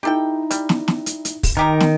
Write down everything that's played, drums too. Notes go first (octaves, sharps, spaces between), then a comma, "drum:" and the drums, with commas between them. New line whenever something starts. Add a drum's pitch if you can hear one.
D#4 E4 G4 A4 G5
G3, drum: hi-hat
drum: snare
drum: snare
drum: hi-hat
drum: hi-hat
drum: kick, open hi-hat
D#3 D#4 G4 A#4
drum: snare